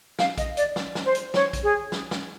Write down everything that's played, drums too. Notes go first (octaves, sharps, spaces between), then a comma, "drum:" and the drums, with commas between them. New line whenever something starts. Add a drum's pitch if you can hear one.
F5, drum: snare
D#5, drum: kick, hi-hat
D5, drum: hi-hat
drum: snare
drum: snare
C5
drum: hi-hat
C#5, drum: snare
drum: kick, hi-hat
G#4
drum: snare
drum: snare